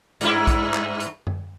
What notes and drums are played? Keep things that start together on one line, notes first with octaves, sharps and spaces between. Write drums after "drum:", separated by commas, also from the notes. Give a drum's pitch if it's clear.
G2 E4, drum: hi-hat
drum: kick A#1, hi-hat
drum: clap
drum: hi-hat
drum: tom F#2